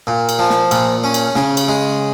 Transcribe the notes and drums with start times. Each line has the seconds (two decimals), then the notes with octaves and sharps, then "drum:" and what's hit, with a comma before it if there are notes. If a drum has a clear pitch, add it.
0.07 A#2
0.29 drum: cymbal
0.39 F3
0.50 drum: snare
0.71 A#2, drum: cymbal
1.04 C#4
1.14 drum: cymbal
1.35 C#3, drum: snare
1.57 drum: cymbal
1.68 G#3